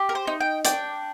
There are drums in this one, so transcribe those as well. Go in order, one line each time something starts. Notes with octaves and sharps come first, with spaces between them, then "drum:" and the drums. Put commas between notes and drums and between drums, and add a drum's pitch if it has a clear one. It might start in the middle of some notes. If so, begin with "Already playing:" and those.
Already playing: G4
A#4
C5
D#4
G5
D4 G5, drum: hi-hat